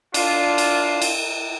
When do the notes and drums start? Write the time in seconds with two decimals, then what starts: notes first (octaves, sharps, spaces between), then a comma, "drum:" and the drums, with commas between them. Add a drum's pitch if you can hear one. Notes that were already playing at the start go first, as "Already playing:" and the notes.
0.14 D4 F4, drum: cymbal
0.58 drum: cymbal
1.02 drum: cymbal